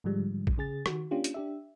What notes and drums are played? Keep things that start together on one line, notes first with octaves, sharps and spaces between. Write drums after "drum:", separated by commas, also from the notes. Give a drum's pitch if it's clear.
G#2 D3 F3 G3 G#3
drum: kick
C#3 G#4 A6
D#3 F#4, drum: rim click
A#3 C#4 D4 F4 G4
drum: hi-hat
D4 G4 E5